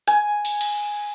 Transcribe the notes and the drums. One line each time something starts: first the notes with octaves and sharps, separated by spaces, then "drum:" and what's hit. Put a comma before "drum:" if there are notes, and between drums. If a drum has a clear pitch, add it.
G#5, drum: hi-hat
drum: open hi-hat
drum: cymbal